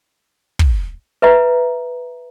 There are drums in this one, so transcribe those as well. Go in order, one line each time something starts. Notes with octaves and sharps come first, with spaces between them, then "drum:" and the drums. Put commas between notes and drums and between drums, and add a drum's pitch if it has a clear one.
drum: kick
B4 E5 A#5